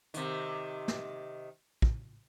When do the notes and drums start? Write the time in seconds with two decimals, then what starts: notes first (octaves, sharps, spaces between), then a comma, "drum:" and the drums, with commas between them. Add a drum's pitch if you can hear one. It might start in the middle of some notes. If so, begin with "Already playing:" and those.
0.14 C3 D#3, drum: hi-hat
0.88 drum: snare
1.82 drum: kick